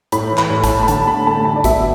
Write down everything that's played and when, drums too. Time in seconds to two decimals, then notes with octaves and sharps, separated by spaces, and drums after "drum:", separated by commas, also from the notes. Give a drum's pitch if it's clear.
0.12 A2 B5, drum: hi-hat
0.32 E3
0.38 B5, drum: clap
0.50 A2
0.64 A5, drum: kick, hi-hat
0.69 A3
0.83 B5
0.88 D3 A5, drum: hi-hat
1.07 A3 B5
1.27 A3 A5
1.45 D3 A5
1.56 D5
1.64 B2 E5, drum: kick, hi-hat